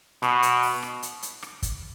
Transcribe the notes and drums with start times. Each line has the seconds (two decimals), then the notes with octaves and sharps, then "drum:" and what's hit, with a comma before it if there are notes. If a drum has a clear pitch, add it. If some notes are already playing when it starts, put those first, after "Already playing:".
0.22 B2, drum: rim click
0.43 drum: hi-hat
0.63 drum: open hi-hat
0.83 drum: rim click
1.03 drum: hi-hat
1.23 drum: hi-hat
1.43 drum: rim click
1.62 drum: kick, hi-hat